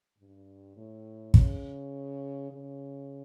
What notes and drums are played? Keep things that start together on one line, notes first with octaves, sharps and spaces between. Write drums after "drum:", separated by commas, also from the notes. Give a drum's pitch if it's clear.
G2
A2
C#3, drum: kick
C#3